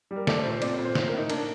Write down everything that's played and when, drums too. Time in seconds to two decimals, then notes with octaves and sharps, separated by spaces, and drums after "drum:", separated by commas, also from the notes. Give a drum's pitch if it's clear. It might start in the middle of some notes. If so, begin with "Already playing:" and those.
0.11 G3
0.16 A#4
0.27 A3 D5, drum: snare
0.39 C5
0.45 A#2
0.51 C5
0.62 C4 D5, drum: cymbal
0.73 C5
0.79 A#2
0.85 C5
0.95 A2 C5, drum: snare
1.08 A2 A#4
1.18 D#4
1.30 A#3 D4, drum: cymbal